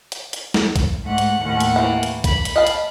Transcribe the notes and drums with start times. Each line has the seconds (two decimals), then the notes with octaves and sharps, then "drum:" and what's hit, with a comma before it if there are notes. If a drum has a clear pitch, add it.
0.12 drum: hi-hat
0.33 drum: hi-hat
0.54 drum: snare
0.76 drum: kick, hi-hat
1.04 G#2 A3 F#5
1.18 drum: hi-hat
1.43 D#2 A2 F#5
1.60 drum: hi-hat
1.76 E3 A#3
2.03 drum: hi-hat
2.24 B5, drum: kick, hi-hat
2.45 drum: hi-hat
2.56 D#5 F5 A5
2.67 drum: hi-hat